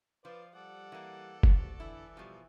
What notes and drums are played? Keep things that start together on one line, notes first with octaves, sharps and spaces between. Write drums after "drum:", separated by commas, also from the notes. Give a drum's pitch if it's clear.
F3 F4 B4 C5 D5
G3 A4 D5 F#5
E3 A#3
C3 F#4, drum: kick F#1
D3 E3 E4
B2 F3 G3